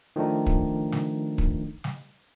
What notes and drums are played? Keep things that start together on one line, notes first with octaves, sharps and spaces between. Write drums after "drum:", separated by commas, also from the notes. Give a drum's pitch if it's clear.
D#3 F3 A3 D4 D#4
drum: kick
drum: snare
drum: kick
drum: snare